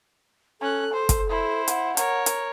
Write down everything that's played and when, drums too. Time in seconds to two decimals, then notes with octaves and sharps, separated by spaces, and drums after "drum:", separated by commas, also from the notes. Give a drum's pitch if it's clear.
0.61 C#4 A4 F#6
0.93 C5
1.09 drum: kick, hi-hat
1.29 E4 C5
1.68 F#5, drum: hi-hat
1.97 A#4 C#5, drum: hi-hat
2.26 drum: hi-hat